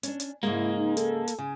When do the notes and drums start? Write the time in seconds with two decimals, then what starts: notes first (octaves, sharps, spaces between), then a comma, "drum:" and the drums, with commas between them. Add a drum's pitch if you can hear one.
0.03 C#4 D4, drum: hi-hat
0.20 drum: hi-hat
0.43 G#2 C#3 G#3 A#3 E4
0.77 D#4
0.97 A4, drum: hi-hat
1.28 drum: hi-hat
1.39 C#3 G#5